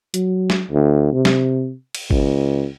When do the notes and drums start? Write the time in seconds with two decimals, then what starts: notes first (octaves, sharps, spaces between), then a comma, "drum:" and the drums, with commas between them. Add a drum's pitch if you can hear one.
0.14 F#3, drum: hi-hat
0.50 drum: snare
0.71 D2
1.13 C3
1.25 drum: snare
1.95 drum: cymbal
2.10 C#2, drum: kick G1